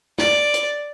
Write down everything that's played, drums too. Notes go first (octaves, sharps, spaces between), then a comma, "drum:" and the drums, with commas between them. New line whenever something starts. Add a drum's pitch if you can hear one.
D5, drum: snare
drum: hi-hat